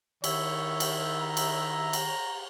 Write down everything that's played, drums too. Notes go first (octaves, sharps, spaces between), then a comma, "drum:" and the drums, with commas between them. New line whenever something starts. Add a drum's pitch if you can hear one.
D#3 E4 C#5 E5, drum: cymbal
drum: cymbal
A#5
drum: cymbal
drum: cymbal